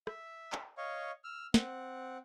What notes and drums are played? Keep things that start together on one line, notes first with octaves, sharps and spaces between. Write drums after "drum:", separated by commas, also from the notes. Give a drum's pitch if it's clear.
E5, drum: rim click
drum: clap
C#5 D#5 F5 C#6
E6 F6
C4 F#5, drum: snare